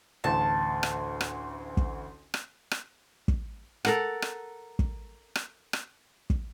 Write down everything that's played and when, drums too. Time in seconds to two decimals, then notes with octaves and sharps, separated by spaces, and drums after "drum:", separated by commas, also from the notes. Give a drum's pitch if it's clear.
0.24 A1 D2 A5
0.83 drum: rim click
1.21 drum: rim click
1.77 drum: kick
2.34 drum: rim click
2.71 drum: rim click
3.28 drum: kick
3.85 A4 A#4 F#5, drum: rim click
4.22 drum: rim click
4.79 drum: kick
5.35 drum: rim click
5.73 drum: rim click
6.30 drum: kick